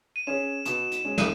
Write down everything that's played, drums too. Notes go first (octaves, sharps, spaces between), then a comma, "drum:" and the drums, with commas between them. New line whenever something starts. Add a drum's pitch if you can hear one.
D#7
C#4 G#4 C#5 E7
B2 E7, drum: hi-hat
E7, drum: hi-hat
G#3 C#4 G#4
D#7, drum: snare